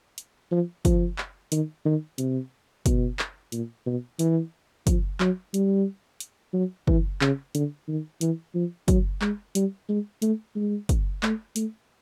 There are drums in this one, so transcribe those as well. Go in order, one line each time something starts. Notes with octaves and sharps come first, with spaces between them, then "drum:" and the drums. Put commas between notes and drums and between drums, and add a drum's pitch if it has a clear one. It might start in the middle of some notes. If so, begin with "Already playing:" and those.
drum: hi-hat
F3
F3, drum: kick, hi-hat
drum: clap
D#3, drum: hi-hat
D#3
C3, drum: hi-hat
B2, drum: kick, hi-hat
drum: clap
A#2, drum: hi-hat
B2
E3, drum: hi-hat
F3, drum: kick, hi-hat
F#3, drum: clap
G3, drum: hi-hat
drum: hi-hat
F#3
E3, drum: kick
C#3, drum: clap
D3, drum: hi-hat
D#3
E3, drum: hi-hat
F3
F#3, drum: kick, hi-hat
G#3, drum: clap
G3, drum: hi-hat
G#3
A3, drum: hi-hat
G#3
drum: kick, hi-hat
A3, drum: clap
A3, drum: hi-hat